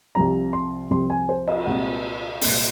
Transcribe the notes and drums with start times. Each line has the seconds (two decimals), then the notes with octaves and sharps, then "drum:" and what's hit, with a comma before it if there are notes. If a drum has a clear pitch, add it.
0.15 C2 C3 F3 C4 A#5
0.53 C6
0.90 C2 C3 F3 C4 C6
1.10 G#5
1.29 C5
1.47 D#5, drum: cymbal
1.66 C2 A#2 G#3 C4 F#5
2.41 C2 A#2 G#3 C4, drum: open hi-hat